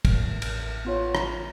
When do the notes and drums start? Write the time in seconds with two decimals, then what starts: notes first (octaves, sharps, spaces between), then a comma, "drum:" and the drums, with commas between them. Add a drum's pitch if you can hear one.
0.05 A1, drum: kick, cymbal
0.42 drum: cymbal
0.85 B3 F4 C#5
1.15 A#5, drum: rim click